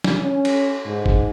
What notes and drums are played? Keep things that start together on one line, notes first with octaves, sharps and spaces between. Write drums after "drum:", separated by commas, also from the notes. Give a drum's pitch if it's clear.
drum: snare
C#4
drum: cymbal
G#2
drum: kick